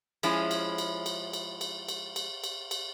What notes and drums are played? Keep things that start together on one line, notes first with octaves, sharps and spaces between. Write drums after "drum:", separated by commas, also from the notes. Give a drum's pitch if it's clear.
F3 G#3 C#4 E4, drum: cymbal
drum: cymbal
drum: cymbal
drum: cymbal
drum: cymbal
drum: cymbal
drum: cymbal
drum: cymbal
drum: cymbal
drum: cymbal